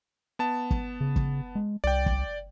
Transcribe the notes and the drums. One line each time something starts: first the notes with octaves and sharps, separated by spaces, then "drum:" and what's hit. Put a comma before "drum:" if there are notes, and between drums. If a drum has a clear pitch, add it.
B3 A5
drum: kick
C#3
drum: kick
G#3
C2 D5 G5
drum: kick